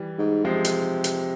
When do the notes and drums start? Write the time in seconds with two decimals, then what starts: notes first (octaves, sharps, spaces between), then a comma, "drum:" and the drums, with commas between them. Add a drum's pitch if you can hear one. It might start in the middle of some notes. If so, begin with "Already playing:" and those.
Already playing: E3 G3
0.18 G#2
0.45 C3 F3 G#3
0.64 drum: hi-hat
1.04 drum: hi-hat